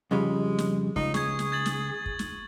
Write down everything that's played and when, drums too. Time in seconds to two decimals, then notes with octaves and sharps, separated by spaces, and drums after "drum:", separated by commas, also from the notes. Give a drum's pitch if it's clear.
0.11 F2 C#3 G3 G#3
0.59 drum: snare
0.96 C#2 D#4, drum: kick
1.14 G#4 C#6 G#6, drum: snare
1.39 drum: snare
1.52 G#6 A6 F#7
1.66 drum: snare
2.06 drum: kick
2.19 drum: snare